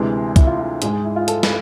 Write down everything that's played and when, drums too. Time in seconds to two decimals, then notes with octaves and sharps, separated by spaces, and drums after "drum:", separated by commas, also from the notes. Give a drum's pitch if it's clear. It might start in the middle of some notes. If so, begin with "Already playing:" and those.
Already playing: D2 C3 E3 G#3 G#4
0.36 E4, drum: kick C2, hi-hat
0.47 F4
0.59 F4
0.82 G#2 G#3 G#4, drum: hi-hat
0.93 G#4
1.05 E4
1.16 F4
1.28 A4, drum: hi-hat
1.43 drum: snare